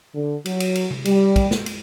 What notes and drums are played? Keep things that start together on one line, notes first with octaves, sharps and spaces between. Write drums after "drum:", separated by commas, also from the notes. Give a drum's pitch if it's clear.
D3
F#3, drum: cymbal
drum: cymbal
drum: cymbal
drum: tom C3
G3, drum: cymbal
drum: kick, cymbal
drum: snare
drum: cymbal